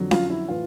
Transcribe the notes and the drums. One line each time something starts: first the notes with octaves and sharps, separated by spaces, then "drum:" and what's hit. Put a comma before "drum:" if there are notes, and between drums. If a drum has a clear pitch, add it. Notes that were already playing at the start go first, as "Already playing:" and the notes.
Already playing: F2 D3 F#3
F4, drum: snare C#4
E4
A2 E3 F4